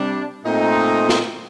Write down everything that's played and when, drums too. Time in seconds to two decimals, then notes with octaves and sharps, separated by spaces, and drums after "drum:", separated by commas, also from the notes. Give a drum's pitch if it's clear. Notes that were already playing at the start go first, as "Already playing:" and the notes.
Already playing: C3 G3 D4
0.45 A#2 A3 C4 D#4
1.09 drum: snare